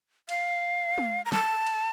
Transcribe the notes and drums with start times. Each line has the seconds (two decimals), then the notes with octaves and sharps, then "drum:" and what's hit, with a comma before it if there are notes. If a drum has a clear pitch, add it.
0.29 F5, drum: cymbal
0.98 drum: tom
1.25 A#5
1.32 A5, drum: snare
1.67 drum: cymbal